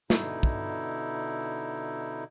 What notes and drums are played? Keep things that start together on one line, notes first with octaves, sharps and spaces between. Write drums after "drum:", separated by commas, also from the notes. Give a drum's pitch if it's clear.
B2 D3 D#4 E4, drum: snare
drum: kick